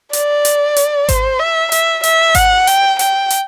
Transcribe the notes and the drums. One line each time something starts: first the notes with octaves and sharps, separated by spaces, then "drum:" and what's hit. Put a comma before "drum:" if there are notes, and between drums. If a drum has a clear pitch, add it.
D5, drum: hi-hat
drum: hi-hat
drum: hi-hat
C5, drum: kick G#1, hi-hat
E5
E5, drum: hi-hat
E5, drum: hi-hat
F#5, drum: kick G#1, hi-hat
G5, drum: hi-hat
G5, drum: hi-hat
drum: hi-hat